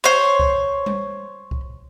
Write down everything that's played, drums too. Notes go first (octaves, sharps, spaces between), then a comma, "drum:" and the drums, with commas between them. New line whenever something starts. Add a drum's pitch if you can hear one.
C5 C#5
drum: kick C2
drum: tom G3
drum: kick C2